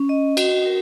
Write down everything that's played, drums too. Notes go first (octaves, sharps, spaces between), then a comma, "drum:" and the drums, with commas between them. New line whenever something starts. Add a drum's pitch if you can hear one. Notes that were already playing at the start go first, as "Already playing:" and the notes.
Already playing: C#4
D#5
F#4, drum: cymbal
A#4